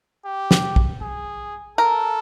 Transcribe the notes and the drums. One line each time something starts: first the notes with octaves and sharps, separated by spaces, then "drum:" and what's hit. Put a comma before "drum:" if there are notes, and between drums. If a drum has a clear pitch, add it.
G4
drum: snare
drum: kick
G#4
A4 A#4